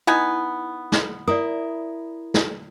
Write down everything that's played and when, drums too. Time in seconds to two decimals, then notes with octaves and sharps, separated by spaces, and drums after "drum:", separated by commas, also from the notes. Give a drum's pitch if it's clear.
0.07 B3 D#4 E4 G#5
0.92 drum: snare
1.28 E4 A#4 D5 D#6
2.34 drum: snare